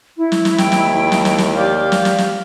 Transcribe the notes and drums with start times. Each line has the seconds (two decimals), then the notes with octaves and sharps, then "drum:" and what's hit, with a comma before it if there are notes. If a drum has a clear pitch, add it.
0.17 E4
0.32 drum: snare
0.45 drum: snare
0.58 D#2 G5, drum: snare
0.72 drum: snare
1.12 drum: snare
1.25 drum: snare
1.38 drum: snare
1.56 G4 D5 F5
1.92 drum: snare
2.05 drum: snare
2.18 drum: snare